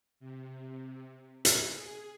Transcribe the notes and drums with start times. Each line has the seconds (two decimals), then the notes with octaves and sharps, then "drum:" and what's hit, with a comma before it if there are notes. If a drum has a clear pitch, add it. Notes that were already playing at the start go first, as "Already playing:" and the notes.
0.20 C3
1.45 G#4, drum: hi-hat